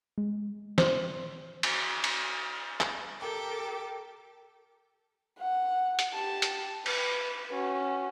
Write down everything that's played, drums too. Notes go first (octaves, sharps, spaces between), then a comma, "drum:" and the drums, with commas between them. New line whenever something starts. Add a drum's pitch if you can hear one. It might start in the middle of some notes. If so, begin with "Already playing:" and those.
G#3
C5 C6, drum: snare
drum: cymbal
drum: cymbal
drum: clap
G4 A4 A#4 G5 D6
F#5
drum: hi-hat
G4 A5
drum: hi-hat
B4, drum: cymbal
C#4 F#4